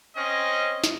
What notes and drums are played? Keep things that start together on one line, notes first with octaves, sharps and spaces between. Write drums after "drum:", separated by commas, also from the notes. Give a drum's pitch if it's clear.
C4 C#4 D#5
drum: snare